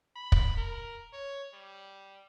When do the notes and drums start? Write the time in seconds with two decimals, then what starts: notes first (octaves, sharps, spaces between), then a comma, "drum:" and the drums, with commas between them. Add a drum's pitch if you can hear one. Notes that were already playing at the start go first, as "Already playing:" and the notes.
0.16 B5
0.32 drum: kick
0.57 A#4
1.13 C#5
1.53 G3